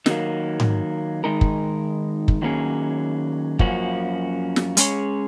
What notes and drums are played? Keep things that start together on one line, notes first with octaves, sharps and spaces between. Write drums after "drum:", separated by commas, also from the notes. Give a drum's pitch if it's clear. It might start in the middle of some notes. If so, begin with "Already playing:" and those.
D#3 F#3 A#3, drum: snare
drum: tom G#2
D#3 G#3 D#4 A#4
drum: kick
drum: kick
D#3 F#3 A#3 C#4 G#4
F#2 F3 A#3 C#4 F#4, drum: kick
drum: snare
G#3 C#4 G#4 C#5, drum: hi-hat